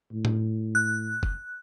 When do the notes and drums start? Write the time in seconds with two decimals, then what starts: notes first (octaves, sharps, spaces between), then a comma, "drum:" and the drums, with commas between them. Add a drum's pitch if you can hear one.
0.12 A2
0.25 drum: tom A2
0.75 F#6
1.23 drum: kick F#1